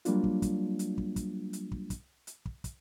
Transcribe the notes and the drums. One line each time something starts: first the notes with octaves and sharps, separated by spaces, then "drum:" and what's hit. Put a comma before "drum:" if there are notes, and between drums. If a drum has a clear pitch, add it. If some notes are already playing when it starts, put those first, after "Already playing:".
F#3 G3 A#3 D4 F4, drum: hi-hat
drum: kick
drum: kick, hi-hat
drum: hi-hat
drum: kick
drum: kick, hi-hat
drum: hi-hat
drum: kick
drum: kick, hi-hat
drum: hi-hat
drum: kick
drum: kick, hi-hat